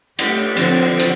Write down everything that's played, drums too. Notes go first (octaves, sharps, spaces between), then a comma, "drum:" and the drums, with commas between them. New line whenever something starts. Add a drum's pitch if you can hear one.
A3 G4, drum: cymbal
D3 F3 C4, drum: cymbal
drum: cymbal